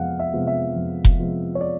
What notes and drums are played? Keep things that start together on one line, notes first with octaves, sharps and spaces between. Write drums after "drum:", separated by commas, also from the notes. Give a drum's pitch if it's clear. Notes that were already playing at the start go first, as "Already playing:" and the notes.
Already playing: F2 C3 F3 G#3 B3 F5 F#5
E5
C3 F3 G#3 B3
E5
F2
drum: kick F1
C3 F3 G#3 B3
C#5
D5